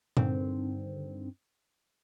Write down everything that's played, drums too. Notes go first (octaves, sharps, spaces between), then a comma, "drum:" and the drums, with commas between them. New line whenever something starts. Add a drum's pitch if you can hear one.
G2 D3 D#3 C4, drum: tom A#2